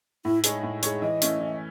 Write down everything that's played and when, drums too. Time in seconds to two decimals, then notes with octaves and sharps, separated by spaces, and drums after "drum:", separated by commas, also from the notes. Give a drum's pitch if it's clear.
0.25 A2 E4
0.44 G#3 D#4 G#4 C#5, drum: hi-hat
0.63 A2
0.83 G#3 D#4 G#4 C#5, drum: hi-hat
1.02 E3 D#5
1.22 A3 C#4 E4, drum: hi-hat
1.40 E3